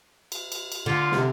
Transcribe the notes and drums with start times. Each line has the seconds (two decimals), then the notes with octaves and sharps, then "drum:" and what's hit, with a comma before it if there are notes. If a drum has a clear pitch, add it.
0.32 drum: cymbal
0.52 drum: cymbal
0.72 drum: cymbal
0.86 D3 F4
1.12 C3, drum: snare